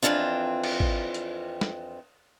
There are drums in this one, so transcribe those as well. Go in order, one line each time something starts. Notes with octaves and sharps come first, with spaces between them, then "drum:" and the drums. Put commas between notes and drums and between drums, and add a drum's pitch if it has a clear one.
F2 D#3 E3 C4 D4 F4
drum: cymbal
drum: kick
drum: hi-hat
drum: snare